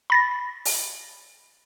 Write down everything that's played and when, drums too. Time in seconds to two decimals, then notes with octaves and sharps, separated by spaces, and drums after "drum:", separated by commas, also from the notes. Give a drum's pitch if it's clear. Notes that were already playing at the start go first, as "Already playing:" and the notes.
0.10 B5 A6 A#6
0.65 drum: open hi-hat